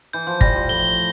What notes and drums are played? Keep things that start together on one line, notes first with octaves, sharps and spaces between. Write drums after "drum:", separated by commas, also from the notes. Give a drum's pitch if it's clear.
E3 G6
F3
G3 A#6, drum: kick G1
F3
A2 G7